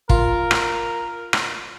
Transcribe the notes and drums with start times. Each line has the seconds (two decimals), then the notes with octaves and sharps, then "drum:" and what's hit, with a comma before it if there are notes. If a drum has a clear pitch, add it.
0.10 F4 A#4, drum: kick
0.51 drum: rim click
1.33 drum: rim click